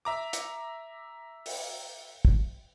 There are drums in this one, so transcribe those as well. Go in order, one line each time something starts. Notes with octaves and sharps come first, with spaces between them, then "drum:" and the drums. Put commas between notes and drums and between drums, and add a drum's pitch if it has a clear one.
E5 A#5 D6
drum: hi-hat
drum: open hi-hat
drum: kick